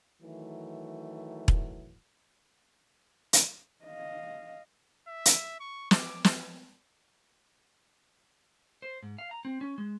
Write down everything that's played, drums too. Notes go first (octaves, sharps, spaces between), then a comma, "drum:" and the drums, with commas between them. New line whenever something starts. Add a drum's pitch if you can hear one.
D#3 E3 F#3 A3
drum: kick E1
drum: hi-hat
D#5 F5
E5
drum: hi-hat
C#6
D6, drum: snare
drum: snare
C5
G#2
F5
A#5
C4
C#4
G#3